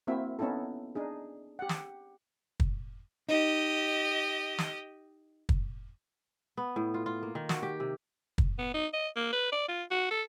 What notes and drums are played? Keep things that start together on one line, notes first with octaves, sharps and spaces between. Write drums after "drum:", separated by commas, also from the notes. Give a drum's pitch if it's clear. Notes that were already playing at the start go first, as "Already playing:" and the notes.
A#3 C4 E4 F#4 E5
B3 C#4 D#4 E4 A4
D4 D#4 G#4
G4 F#5
drum: snare
drum: kick
D#4 G4 D#5
drum: snare
drum: kick
B3
A2
F4
F4
A#3
D#3
F#4, drum: snare
G4
C3
drum: kick
B3
D#4
D#5
A#3
B4
D5
F4
F#4
A4